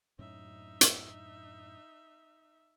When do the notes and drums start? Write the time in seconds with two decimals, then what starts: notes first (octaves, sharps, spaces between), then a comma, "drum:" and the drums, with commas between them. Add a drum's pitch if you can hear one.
0.19 F#2 A2 C#4 D#4 E5
0.81 drum: hi-hat